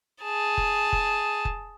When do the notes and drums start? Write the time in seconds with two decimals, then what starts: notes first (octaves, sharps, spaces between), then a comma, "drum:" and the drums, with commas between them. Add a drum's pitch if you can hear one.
0.23 G#4 A5
0.58 drum: kick
0.93 drum: kick
1.45 drum: kick